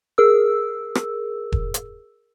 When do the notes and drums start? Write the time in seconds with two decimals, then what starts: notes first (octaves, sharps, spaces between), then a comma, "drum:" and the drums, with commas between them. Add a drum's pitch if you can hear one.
0.18 G#4 A#4 E6
0.95 drum: rim click
1.52 drum: kick E1
1.74 drum: hi-hat